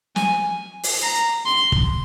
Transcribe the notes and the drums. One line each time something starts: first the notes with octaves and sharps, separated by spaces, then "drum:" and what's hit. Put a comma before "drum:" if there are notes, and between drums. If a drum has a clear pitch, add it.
G#5, drum: snare
drum: open hi-hat
A#5
C6
drum: kick